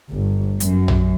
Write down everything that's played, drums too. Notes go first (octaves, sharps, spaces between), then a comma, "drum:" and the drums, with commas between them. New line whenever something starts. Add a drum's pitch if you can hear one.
G1
F#2, drum: hi-hat
drum: tom